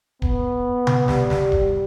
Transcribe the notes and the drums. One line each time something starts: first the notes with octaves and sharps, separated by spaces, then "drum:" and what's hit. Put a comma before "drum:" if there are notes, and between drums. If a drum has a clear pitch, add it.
B3, drum: kick D1
drum: tom C3
G3, drum: snare
drum: snare
drum: kick D1